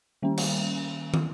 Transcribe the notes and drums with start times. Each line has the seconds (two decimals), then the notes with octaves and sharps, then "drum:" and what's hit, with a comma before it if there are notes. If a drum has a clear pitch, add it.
0.23 D#3 G3 A#3 C#4
0.38 drum: cymbal
1.14 drum: tom